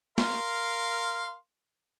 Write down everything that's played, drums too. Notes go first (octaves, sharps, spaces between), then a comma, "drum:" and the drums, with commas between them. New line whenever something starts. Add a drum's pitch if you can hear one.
A#4 F5 C6, drum: snare